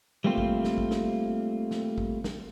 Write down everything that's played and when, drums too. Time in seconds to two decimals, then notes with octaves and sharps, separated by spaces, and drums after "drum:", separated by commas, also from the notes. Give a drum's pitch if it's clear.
0.24 G3 A3 A#3 C4 F4
0.38 drum: kick A1
0.64 drum: snare
0.78 drum: kick A1
0.91 drum: snare
1.71 drum: snare
1.98 drum: kick A1
2.24 drum: snare